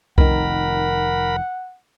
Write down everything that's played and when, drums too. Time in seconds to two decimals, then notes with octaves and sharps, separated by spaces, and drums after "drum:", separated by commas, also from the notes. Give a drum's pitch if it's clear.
0.18 F1 D#3 A#4 F#5 B5, drum: kick C2